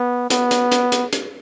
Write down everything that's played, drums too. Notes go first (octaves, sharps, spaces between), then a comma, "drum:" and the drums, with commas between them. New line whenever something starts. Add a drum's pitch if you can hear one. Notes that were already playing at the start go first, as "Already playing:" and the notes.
Already playing: B3
B3, drum: hi-hat
drum: hi-hat
drum: hi-hat
drum: hi-hat
drum: hi-hat